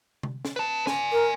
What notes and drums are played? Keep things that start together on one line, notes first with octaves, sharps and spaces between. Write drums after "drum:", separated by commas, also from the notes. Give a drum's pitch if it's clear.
drum: tom C3
drum: snare
B4 A5
D5 G#5, drum: snare
A#4